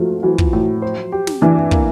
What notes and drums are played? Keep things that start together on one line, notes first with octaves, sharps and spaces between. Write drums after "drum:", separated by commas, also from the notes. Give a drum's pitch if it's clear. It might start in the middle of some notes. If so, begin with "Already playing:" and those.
Already playing: F3 F#3 A3
E3 F#3
drum: kick
A2
C5
G4
drum: snare
E3 D4
A#3, drum: kick